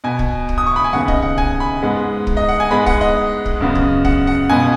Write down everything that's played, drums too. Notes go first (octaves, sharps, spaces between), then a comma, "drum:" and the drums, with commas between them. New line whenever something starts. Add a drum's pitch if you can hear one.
B2 B3 G#5
drum: kick
drum: kick
D#6
C#6
B5
G#5
D#2 C#3 B3 F#5
D#5, drum: kick
F#5
G#5, drum: kick
B5
G#2 G#3 B3
drum: kick
D#5
F#5
G#5
G#2 G#3 B3 B5
F#5, drum: kick
D#5
drum: kick
F#2 C#3 B3
drum: kick
F#5, drum: kick
F#5
C#2 B2 B3 G#5